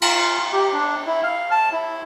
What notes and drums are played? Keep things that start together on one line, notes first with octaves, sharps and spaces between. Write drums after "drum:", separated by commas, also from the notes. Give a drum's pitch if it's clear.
F4, drum: cymbal
G4
D4
E4
F5
A5
E4